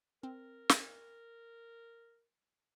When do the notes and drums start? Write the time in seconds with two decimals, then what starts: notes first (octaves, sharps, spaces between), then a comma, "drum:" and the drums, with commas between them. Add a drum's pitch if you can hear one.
0.23 C4 A#4
0.69 drum: snare